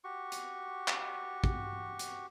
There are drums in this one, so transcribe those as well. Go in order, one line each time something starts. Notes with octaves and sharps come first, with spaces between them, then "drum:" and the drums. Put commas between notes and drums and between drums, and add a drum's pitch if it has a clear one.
F#4 G4 C#6
drum: hi-hat
drum: clap
drum: kick
drum: hi-hat